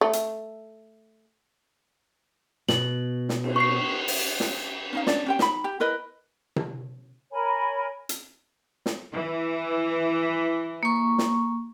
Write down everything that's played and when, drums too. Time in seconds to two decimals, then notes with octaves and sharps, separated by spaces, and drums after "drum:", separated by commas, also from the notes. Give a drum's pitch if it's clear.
0.01 A3
0.13 drum: hi-hat
2.69 B2 F#7, drum: snare
3.29 drum: snare
3.44 drum: cymbal
3.56 C#6 C7
4.08 drum: open hi-hat
4.40 drum: snare
4.93 C#4 D#4 F5
5.07 C#4 D4 D5, drum: snare
5.26 C#4 G4 G5
5.39 D#4 B5, drum: snare
5.64 G4
5.80 E4 A#4 B4 D#5
6.56 drum: tom C3
7.31 A#4 C#5 G#5 B5
8.09 drum: hi-hat
8.86 drum: snare
9.12 E3
10.83 A#3 C#6
11.18 drum: snare